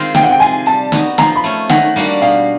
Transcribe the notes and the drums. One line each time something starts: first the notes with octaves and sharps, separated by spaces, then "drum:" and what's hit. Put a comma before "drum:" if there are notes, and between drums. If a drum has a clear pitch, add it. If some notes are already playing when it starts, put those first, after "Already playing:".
Already playing: D#3 G#3 C4 F4
C3 G5, drum: snare
F#5
G5
F3 G#3 G#5
G3 A5
B3 D#4 F#4, drum: snare
F3 A#5, drum: snare
B5
A3 C#4
D#3 F#5, drum: snare
G3 A#3 D4 F#4
B2 F5